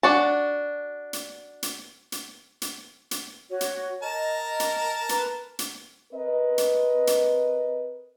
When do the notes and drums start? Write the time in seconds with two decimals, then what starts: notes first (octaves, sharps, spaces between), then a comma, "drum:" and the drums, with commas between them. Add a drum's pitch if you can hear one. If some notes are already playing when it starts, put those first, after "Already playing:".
0.03 D4 F#4 A5
1.13 drum: hi-hat
1.63 drum: hi-hat
2.12 drum: hi-hat
2.62 drum: hi-hat
3.11 drum: hi-hat
3.50 F#4 C#5
3.61 drum: hi-hat
4.03 A#4 D#5 A5
4.60 drum: hi-hat
5.09 B4 A#5, drum: hi-hat
5.59 drum: hi-hat
6.13 C4 A#4 B4 D#5
6.58 drum: hi-hat
7.07 drum: hi-hat